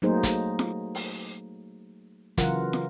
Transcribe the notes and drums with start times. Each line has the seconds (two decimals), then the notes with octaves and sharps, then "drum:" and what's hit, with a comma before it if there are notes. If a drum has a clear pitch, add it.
0.02 F#3 A3 A#3 D#4 G#4 C5
0.23 drum: kick, hi-hat
0.59 drum: snare
0.95 drum: open hi-hat
2.38 C#3 E3 F#3 F4 A#4 F#5, drum: kick, hi-hat
2.73 drum: snare